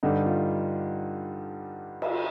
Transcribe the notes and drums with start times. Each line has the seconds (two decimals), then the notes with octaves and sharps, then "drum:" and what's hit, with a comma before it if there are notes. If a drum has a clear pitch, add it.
0.03 G2 D3 G3 D#4
0.26 F4
2.02 drum: cymbal